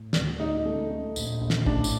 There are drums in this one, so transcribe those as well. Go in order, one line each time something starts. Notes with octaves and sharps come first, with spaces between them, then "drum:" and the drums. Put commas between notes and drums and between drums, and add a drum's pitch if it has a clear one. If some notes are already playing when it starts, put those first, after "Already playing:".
Already playing: A2
D2 D5, drum: snare
D2 D#4
A3
A3
A#1, drum: tambourine
A#1
drum: snare
A2 D4, drum: kick
drum: tambourine